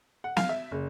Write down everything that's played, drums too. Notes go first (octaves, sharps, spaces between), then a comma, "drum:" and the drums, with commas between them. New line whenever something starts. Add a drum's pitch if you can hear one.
F#5
F5, drum: snare
E5
F#1